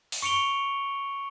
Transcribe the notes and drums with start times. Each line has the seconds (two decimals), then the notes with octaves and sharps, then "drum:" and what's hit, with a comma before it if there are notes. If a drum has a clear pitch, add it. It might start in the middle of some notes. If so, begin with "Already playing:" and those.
0.12 drum: open hi-hat
0.22 C#6 C#7 D7 F7 G7